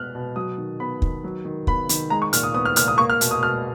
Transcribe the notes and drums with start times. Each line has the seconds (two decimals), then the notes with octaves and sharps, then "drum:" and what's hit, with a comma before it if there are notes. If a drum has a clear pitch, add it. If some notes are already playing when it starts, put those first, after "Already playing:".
Already playing: B2 B3 F6 F#6
0.15 B2
0.36 F#3 D#6
0.58 D#3
0.80 B3 B5
1.02 D#3, drum: kick
1.24 F#3
1.45 D#3
1.67 B3 B5, drum: kick
1.89 D#3, drum: hi-hat
2.10 G#3 A#5
2.22 C#6
2.33 A#2 F6, drum: hi-hat
2.43 D#6
2.54 B3 D#6
2.65 F6
2.76 A#2 F6, drum: hi-hat
2.88 D#6
2.98 A#3 C#6
3.10 F6
3.21 B2, drum: hi-hat
3.31 D#6
3.42 B2 F6